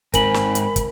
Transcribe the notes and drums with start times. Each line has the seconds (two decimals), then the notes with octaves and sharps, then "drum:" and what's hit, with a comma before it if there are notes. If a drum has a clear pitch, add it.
0.14 G#2 C4 A#4 G#5 B5 F#7, drum: kick, hi-hat
0.34 drum: snare
0.55 drum: hi-hat
0.76 drum: kick, hi-hat